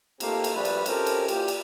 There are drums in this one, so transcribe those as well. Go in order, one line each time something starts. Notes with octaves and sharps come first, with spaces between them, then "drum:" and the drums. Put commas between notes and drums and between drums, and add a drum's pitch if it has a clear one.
A3 A#3 C4 D#4 G4 A4, drum: cymbal
drum: cymbal
A#1 G3 A3 B4
drum: cymbal
C4 C#4 G4 A4 A#4, drum: cymbal
drum: cymbal
A#2 E3 G4, drum: cymbal
drum: cymbal